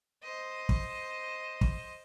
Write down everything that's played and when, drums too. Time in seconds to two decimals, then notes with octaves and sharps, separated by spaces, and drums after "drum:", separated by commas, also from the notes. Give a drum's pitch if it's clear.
0.23 C5 D#5
0.69 drum: kick
1.61 drum: kick